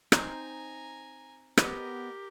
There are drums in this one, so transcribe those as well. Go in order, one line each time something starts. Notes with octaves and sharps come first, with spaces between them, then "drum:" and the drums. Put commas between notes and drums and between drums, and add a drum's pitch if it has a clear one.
C4 D#4 C5 G#5 A#5, drum: rim click
B3 G4 A#4 D#5, drum: rim click